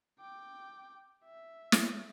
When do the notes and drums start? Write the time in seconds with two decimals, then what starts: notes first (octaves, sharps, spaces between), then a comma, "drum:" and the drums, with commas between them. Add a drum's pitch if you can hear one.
0.19 G5 D6
1.24 E5
1.72 drum: snare